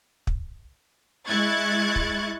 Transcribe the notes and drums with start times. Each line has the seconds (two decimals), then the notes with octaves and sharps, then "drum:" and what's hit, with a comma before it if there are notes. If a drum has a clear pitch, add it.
0.27 drum: kick
1.28 G#3 E4 C#6 F#6 G#6 A6
1.96 drum: kick